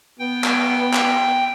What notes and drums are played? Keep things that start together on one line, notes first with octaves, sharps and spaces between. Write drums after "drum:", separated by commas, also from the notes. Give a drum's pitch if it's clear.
B3 G5
drum: clap
drum: clap